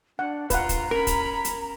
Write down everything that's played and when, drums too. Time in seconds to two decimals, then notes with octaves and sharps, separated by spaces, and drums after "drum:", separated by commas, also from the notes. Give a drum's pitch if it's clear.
0.19 D4 F#5
0.50 F4 B4 F5 F#5 A#5, drum: kick, hi-hat
0.69 drum: kick, hi-hat
0.91 C#4 A#4 B5
1.07 drum: kick, hi-hat
1.45 drum: hi-hat